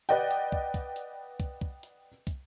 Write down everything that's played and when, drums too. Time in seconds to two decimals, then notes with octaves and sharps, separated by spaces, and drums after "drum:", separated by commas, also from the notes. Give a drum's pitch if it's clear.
0.09 B4 D5 D#5 F#5 G5, drum: hi-hat
0.31 drum: hi-hat
0.52 drum: kick
0.74 drum: kick, hi-hat
0.96 drum: hi-hat
1.40 drum: kick, hi-hat
1.61 drum: kick
1.83 drum: hi-hat
2.27 drum: kick, hi-hat